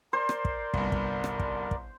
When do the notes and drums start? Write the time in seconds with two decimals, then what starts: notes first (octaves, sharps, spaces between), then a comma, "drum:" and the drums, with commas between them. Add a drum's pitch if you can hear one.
0.13 A#4 C5 D5
0.29 drum: rim click
0.45 drum: kick
0.74 G1 C2, drum: kick
0.92 drum: kick
1.24 drum: rim click
1.40 drum: kick
1.71 drum: kick